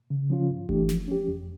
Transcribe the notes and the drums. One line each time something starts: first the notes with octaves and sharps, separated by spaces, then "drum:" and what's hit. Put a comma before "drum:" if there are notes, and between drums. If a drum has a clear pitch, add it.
C#3
F3 C#4 F4
G2
E3 A3 D4 G4, drum: kick F#1
F3, drum: snare
C#4 G4
F2